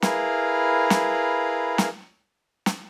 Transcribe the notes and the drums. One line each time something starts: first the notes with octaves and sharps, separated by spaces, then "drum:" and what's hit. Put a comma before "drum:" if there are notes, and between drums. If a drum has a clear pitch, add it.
E4 G#4 A#4 B4 F5, drum: snare
drum: snare
drum: snare
drum: snare